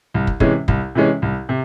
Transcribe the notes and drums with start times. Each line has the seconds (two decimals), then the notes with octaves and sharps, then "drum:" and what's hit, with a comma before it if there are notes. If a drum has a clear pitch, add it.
0.14 C2
0.27 drum: kick
0.40 C3 E3 G#3 C#4, drum: kick
0.68 C2, drum: kick
0.95 C3 E3 G#3 C#4
1.22 C2
1.49 C3